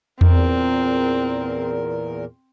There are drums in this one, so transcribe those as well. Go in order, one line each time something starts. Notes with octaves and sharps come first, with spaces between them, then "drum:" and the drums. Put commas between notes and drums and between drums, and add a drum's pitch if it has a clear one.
E2 A#2 C4 A#4, drum: tom E2